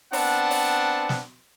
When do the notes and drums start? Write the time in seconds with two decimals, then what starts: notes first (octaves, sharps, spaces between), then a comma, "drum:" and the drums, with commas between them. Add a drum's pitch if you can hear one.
0.13 B3 C4 D4 F#5 A5, drum: open hi-hat
0.51 drum: open hi-hat
1.09 drum: snare